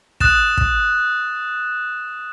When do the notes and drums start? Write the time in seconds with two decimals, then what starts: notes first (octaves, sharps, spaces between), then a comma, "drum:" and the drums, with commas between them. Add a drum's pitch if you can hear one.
0.20 D#6 F#6 A6 E7, drum: kick
0.58 drum: kick